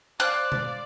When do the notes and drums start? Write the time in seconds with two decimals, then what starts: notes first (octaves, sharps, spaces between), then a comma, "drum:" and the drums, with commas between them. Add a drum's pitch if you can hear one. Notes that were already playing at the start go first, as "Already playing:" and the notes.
0.20 C5 D5 F5 F#6
0.52 drum: tom B2